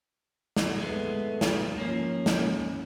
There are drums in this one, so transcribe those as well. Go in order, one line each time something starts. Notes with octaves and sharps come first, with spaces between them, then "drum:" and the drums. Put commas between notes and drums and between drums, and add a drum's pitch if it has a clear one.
drum: snare
G#3 A3 B3
drum: snare
F3 A#3 C#4
drum: snare